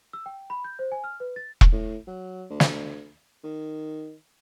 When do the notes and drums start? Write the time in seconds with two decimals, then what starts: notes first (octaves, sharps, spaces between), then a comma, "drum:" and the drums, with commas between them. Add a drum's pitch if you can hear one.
0.13 E6
0.26 G5
0.50 B5
0.64 G6
0.79 C5
0.92 G#5
1.04 F6
1.20 B4
1.36 A6
1.61 drum: kick E1
1.73 A2
2.08 F#3
2.51 D2
2.60 drum: snare
3.44 D#3